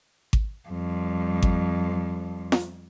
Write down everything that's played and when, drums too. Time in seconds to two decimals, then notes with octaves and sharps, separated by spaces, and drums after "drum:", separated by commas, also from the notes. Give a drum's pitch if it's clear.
0.33 drum: kick G#1
0.69 F2 G3
1.42 drum: kick G#1
2.52 drum: snare